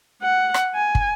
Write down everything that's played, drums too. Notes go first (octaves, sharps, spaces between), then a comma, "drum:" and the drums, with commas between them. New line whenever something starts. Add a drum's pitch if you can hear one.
F#5
drum: rim click
G#5
drum: kick